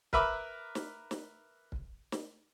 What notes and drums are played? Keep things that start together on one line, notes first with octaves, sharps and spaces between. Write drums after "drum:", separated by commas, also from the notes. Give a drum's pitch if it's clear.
A#4 B4 E5 B5 D6, drum: kick
drum: snare
drum: snare
drum: kick
drum: snare